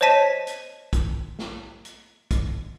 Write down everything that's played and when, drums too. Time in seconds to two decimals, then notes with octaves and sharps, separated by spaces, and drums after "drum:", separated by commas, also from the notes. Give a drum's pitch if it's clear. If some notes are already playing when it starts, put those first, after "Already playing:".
0.01 C5 C#5 D#5 A5 B6 D#7
0.47 drum: hi-hat
0.93 drum: kick, hi-hat
1.39 drum: snare
1.85 drum: hi-hat
2.31 drum: kick, hi-hat